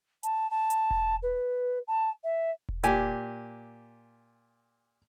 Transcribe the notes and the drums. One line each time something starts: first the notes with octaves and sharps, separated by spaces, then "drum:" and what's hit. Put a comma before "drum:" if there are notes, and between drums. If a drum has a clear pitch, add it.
A5, drum: hi-hat
A5
drum: hi-hat
drum: kick E1
B4
A5
E5
drum: kick E1
A#2 G4 G#5, drum: hi-hat